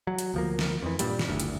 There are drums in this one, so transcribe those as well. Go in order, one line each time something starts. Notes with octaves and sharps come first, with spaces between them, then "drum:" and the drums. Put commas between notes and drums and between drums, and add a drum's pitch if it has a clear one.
F#3
drum: hi-hat
D2 F3 A#3
drum: snare
F2 E3
G2 A#2 G3, drum: hi-hat
drum: snare
F#1 D2
drum: hi-hat